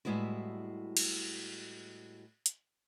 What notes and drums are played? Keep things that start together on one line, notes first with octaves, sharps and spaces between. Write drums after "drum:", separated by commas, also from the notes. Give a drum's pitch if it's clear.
A2 G3 G#3 B3 E4 F#4
drum: cymbal
drum: hi-hat